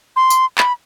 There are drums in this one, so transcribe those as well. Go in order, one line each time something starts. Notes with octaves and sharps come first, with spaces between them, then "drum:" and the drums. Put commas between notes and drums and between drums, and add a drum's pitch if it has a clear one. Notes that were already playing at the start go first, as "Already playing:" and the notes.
C6
drum: tambourine
B5, drum: clap